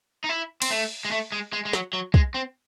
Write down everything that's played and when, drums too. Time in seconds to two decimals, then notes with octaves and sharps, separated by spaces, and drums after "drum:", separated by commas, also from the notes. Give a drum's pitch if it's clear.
0.24 D#4
0.29 E4
0.62 C4, drum: cymbal
0.70 A3
1.05 G#3
1.11 A3
1.32 G#3
1.53 G#3
1.65 G#3
1.73 F#3, drum: snare
1.93 F#3
2.14 G#3, drum: kick
2.34 C4